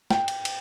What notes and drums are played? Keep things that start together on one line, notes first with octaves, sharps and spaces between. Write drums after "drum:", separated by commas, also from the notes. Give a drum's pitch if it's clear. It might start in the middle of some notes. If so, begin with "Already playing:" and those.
G5, drum: snare
drum: cymbal
drum: cymbal